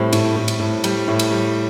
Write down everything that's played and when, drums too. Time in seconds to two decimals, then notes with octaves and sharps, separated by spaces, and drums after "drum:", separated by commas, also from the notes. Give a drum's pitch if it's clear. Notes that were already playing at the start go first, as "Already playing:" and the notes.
Already playing: A2 G3 C4
0.13 A2, drum: cymbal
0.36 A2
0.48 drum: cymbal
0.59 A2
0.84 G3, drum: cymbal
1.08 A2
1.19 drum: cymbal
1.31 G3